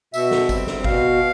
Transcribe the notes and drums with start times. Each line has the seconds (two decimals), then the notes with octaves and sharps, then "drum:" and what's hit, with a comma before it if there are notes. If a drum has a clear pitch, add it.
0.14 B2 E5, drum: tambourine
0.31 drum: snare
0.49 G3 C4, drum: kick G1, tambourine
0.67 drum: snare
0.84 B2 F5, drum: kick G1